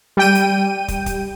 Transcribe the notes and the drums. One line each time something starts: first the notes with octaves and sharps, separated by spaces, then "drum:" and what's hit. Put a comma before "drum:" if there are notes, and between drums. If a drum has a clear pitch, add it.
G3 G5 D#7
drum: hi-hat
drum: kick, hi-hat
drum: kick, hi-hat